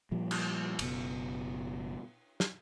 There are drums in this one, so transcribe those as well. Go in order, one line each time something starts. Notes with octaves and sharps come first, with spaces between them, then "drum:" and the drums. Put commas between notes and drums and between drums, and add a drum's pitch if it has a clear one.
A#2 F3 G3
drum: cymbal
F#1 B2, drum: cymbal
drum: snare